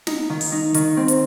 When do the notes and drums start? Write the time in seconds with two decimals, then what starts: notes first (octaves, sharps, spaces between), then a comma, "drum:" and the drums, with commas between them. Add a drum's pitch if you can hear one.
0.07 D#4, drum: snare
0.30 D#3
0.41 drum: open hi-hat
0.52 D#4
0.74 D#3, drum: hi-hat
0.97 C4
1.08 drum: hi-hat